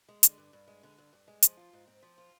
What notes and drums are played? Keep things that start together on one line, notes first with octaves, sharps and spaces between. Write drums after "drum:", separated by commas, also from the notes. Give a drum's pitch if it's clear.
G#3
D3, drum: hi-hat
G2
G2
G#3
D3
G2
G2
G#3
F3, drum: hi-hat
F4
G#2
C4
F3
F4